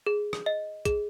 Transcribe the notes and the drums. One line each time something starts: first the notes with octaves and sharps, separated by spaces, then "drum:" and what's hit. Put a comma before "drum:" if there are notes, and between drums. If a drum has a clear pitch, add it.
G#4
drum: rim click
D#5
G#4, drum: kick B1, hi-hat